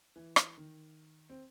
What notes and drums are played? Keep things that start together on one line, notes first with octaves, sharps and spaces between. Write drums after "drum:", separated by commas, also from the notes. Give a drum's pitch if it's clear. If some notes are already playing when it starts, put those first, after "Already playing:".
E3
drum: rim click
D#3
C4